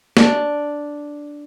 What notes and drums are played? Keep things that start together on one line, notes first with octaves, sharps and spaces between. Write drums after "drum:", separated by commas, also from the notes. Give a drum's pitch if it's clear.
D4 D5, drum: snare